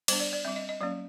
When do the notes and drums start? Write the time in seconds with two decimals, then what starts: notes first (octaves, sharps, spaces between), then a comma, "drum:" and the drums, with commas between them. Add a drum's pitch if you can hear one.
0.08 G3 B3 D4 C5, drum: cymbal
0.20 D5
0.33 D5
0.45 G3 C4 E5
0.56 D#5
0.69 D#5
0.81 F#3 A#3 C#4 D5